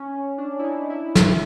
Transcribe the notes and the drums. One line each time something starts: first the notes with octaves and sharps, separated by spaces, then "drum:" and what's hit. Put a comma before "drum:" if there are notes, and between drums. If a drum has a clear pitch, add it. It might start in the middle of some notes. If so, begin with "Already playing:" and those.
Already playing: C#4
D4
E4
D#4
E4
drum: snare